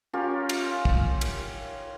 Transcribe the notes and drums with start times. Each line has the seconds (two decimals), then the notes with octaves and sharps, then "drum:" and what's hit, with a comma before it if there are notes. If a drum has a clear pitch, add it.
0.13 C#4 F4 G4 A#4
0.49 drum: cymbal
0.85 drum: kick
1.21 drum: cymbal